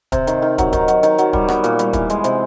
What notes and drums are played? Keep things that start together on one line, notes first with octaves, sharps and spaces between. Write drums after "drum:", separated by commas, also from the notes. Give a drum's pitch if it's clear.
C3, drum: kick, hi-hat
D#3, drum: hi-hat
D#3
F#3, drum: kick, hi-hat
D#3, drum: kick, hi-hat
F#3, drum: hi-hat
D#3, drum: hi-hat
F#3, drum: hi-hat
G3, drum: kick
B3, drum: rim click
A#2, drum: hi-hat
G3, drum: hi-hat
E3, drum: kick, hi-hat
G#3, drum: hi-hat
C3, drum: hi-hat